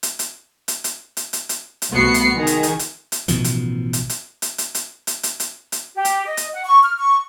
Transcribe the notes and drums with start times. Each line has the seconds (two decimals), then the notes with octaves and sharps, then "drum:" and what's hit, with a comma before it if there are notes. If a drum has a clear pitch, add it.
0.03 drum: hi-hat
0.19 drum: hi-hat
0.68 drum: hi-hat
0.84 drum: hi-hat
1.17 drum: hi-hat
1.33 drum: hi-hat
1.49 drum: hi-hat
1.82 drum: hi-hat
1.91 C2 A3 B3 F#4 C7 C#7
2.14 drum: hi-hat
2.35 D#3 G#4
2.47 drum: hi-hat
2.63 drum: hi-hat
2.79 drum: hi-hat
3.12 drum: hi-hat
3.28 A1 B2 D#3 F3, drum: hi-hat
3.44 drum: hi-hat
3.93 drum: hi-hat
4.09 drum: hi-hat
4.42 drum: hi-hat
4.58 drum: hi-hat
4.75 drum: hi-hat
5.07 drum: hi-hat
5.23 drum: hi-hat
5.40 drum: hi-hat
5.72 drum: hi-hat
5.95 G4
6.05 drum: hi-hat
6.26 D#5
6.37 drum: hi-hat
6.53 F#5
6.64 C#6
6.83 F6
6.97 C#6